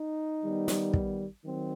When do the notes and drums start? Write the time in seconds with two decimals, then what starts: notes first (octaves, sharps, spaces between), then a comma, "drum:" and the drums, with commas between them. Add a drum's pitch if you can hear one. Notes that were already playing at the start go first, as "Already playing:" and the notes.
Already playing: D#4
0.42 D#3 G3 B3
0.68 drum: snare
0.94 drum: kick
1.45 D#3 F#3 C4